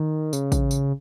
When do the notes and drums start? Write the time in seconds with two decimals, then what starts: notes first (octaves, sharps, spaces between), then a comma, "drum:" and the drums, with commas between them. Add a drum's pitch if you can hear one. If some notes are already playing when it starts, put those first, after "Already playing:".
Already playing: D#3
0.33 C#3, drum: tambourine
0.52 drum: kick A1, tambourine
0.71 drum: tambourine